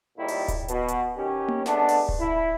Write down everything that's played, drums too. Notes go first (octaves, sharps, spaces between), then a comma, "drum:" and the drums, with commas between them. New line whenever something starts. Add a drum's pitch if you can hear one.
G#1 D#2 A#2 D#3 G3 E4
drum: open hi-hat
drum: kick D1, hi-hat
B2, drum: hi-hat
drum: hi-hat
D#3 C#4 G4
drum: tom A#3
G#3 A3 B3 D4, drum: snare
drum: open hi-hat
drum: kick D1
E4